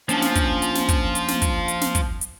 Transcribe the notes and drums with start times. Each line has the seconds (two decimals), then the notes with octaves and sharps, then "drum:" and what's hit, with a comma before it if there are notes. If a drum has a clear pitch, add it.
0.09 F3 A#3 C#4 D4, drum: hi-hat
0.22 drum: snare
0.35 drum: kick, hi-hat
0.62 drum: hi-hat
0.75 drum: snare
0.89 drum: kick, hi-hat
1.15 drum: hi-hat
1.28 drum: snare
1.42 drum: kick, hi-hat
1.68 drum: hi-hat
1.81 drum: snare
1.95 drum: kick, hi-hat
2.21 drum: hi-hat